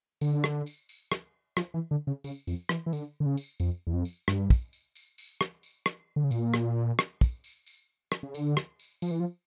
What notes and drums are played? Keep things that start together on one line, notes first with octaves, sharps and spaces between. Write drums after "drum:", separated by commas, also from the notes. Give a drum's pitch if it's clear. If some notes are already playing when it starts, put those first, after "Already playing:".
D3, drum: tambourine
drum: rim click
drum: tambourine
drum: tambourine
drum: rim click
F3, drum: rim click
E3
D3
C#3
C#3, drum: tambourine
F2, drum: tambourine
E3, drum: rim click
E3
D3, drum: tambourine
D3
C#3
drum: tambourine
F2, drum: tambourine
E2
F2
drum: tambourine
G2, drum: rim click
drum: kick, tambourine
drum: tambourine
drum: tambourine
drum: tambourine
drum: rim click
drum: tambourine
drum: rim click
D3
C#3
A#2, drum: tambourine
drum: rim click
drum: rim click
drum: kick, tambourine
drum: tambourine
drum: tambourine
drum: rim click
C#3
D3, drum: tambourine
drum: rim click
drum: tambourine
F3, drum: tambourine
E3
F3